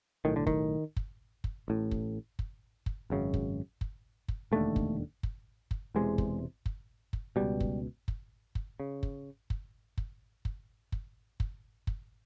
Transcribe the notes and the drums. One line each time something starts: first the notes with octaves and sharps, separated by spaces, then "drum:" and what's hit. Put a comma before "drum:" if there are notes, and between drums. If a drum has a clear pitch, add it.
B1 A2 D#3
D3
D#3, drum: kick
drum: kick
drum: kick
A1 A2
drum: kick
drum: kick
drum: kick
G#1 F#2 C#3
drum: kick
drum: kick
drum: kick
E1 D#2 D3 A3
drum: kick
drum: kick
drum: kick
E1 E2 C3 G#3
drum: kick
drum: kick
drum: kick
C#2 B2 G3
drum: kick
drum: kick
drum: kick
C#3
drum: kick
drum: kick
drum: kick
drum: kick
drum: kick
drum: kick
drum: kick